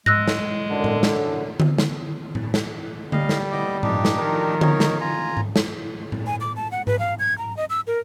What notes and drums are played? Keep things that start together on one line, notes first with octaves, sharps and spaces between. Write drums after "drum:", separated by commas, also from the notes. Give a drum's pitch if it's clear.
G#3 E6 F#6 A#6, drum: tom G#2
drum: snare
F#2 D3
drum: tom A2
drum: snare
drum: tom D3
drum: snare
drum: tom A2
drum: snare
G3 D#5 F5, drum: tom D3
drum: snare
B3 D#5 D6
G2 F3 D4 D#4 G4, drum: tom A2
drum: snare
D#3 F3 A#4
D#4 C#5, drum: tom D3
drum: snare
F4 G#5 A#5
drum: tom G#2
drum: snare
drum: tom A2
G#5
D6
A5
F#5
B4, drum: tom G#2
F5
G#6
A#5
D#5
E6
A#4